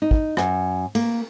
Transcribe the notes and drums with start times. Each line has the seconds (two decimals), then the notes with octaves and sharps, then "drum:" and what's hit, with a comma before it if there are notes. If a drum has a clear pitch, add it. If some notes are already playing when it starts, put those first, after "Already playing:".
0.02 D#4
0.11 drum: kick
0.37 F#2, drum: rim click
0.95 A#3, drum: cymbal